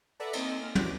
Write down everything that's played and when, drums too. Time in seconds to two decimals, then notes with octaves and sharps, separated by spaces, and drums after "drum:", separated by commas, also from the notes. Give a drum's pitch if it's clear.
0.20 A4 B4 D5 E5 F#5 A#5
0.33 A#3 C4 D#5, drum: cymbal
0.60 F6
0.75 E3 F#3 G3 F#4 D6 D7, drum: tom